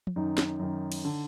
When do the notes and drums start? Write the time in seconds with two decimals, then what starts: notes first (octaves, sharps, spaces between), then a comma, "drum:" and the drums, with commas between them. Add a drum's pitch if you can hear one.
0.07 drum: tom
0.16 F#2 D#3 D#4
0.38 drum: snare
0.59 F#2 D#3
0.92 drum: cymbal
1.05 D3